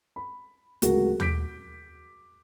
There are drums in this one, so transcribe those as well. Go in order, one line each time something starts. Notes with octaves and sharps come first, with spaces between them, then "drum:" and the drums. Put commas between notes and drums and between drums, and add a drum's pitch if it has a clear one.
B5
D1 C#2 F#4 A#4, drum: hi-hat
D6 G6 B6 D7, drum: tom